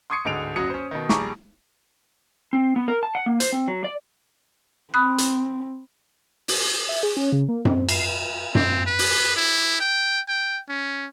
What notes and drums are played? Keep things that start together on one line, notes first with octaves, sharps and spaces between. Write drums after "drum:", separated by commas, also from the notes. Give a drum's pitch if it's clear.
C6 C#6 D#6 G#6 C7 C#7
D1 G#2 D3 G#3 D7 F7
F#1 F#2 F#3 F#4 D#6 C#7
C#4 C5
B2 D#3
A#1 G3 G#4 A#5 C#6 D6, drum: snare
C4
B3
A#4
A5
F#5
A#3
C5, drum: hi-hat
C4
F#3
D5
C4 B5 D#6 F#6
drum: hi-hat
drum: open hi-hat
E5
G#4
C#4
C#3
A#3
C4, drum: tom F#2
C7, drum: cymbal
C4, drum: tom F#2
B4
drum: open hi-hat
E4
G5
G5
C#4